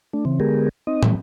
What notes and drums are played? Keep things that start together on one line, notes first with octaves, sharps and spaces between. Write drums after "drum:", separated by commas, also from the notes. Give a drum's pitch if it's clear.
A3 D4
C#3 E3 C4
D3 G#3 B3 G4 G#4 A#4
C4 D#4 D#5
A#2 E3 G3 A3, drum: tom